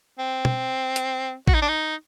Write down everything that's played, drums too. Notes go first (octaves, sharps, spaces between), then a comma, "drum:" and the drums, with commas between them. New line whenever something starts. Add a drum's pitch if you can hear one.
C4
drum: tom
drum: hi-hat
F#4, drum: kick A1
D#4
D4
D#4